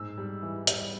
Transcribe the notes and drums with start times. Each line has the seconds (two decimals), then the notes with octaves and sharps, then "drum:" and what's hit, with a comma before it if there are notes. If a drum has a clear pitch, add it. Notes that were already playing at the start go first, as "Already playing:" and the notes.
Already playing: G#2 E6
0.18 G3
0.42 E3
0.67 G3, drum: hi-hat